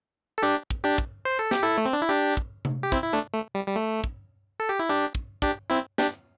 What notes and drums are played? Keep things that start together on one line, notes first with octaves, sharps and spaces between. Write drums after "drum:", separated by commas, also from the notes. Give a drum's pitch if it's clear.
A4
D4 G4
drum: kick
D4 G4
drum: kick
C5
A4
G4, drum: snare
E4 A4
A3
C4
D4
E4
D4 G4
drum: kick
drum: tom C3
G4
C4 E4, drum: kick
E4
A3 D4
A3
G3
G3
A3
drum: kick
A4
G4
E4
D4 G4
drum: kick
D4 G4, drum: kick
C4 E4
D4 G4, drum: snare